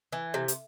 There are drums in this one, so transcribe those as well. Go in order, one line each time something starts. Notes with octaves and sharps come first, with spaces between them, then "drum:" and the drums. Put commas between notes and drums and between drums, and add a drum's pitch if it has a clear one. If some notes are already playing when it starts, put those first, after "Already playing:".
E3
C3
drum: hi-hat